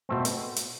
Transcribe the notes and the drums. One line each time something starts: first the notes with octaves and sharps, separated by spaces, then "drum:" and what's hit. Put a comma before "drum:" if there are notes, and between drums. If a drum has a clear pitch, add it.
B2 A3 C4
drum: hi-hat
drum: hi-hat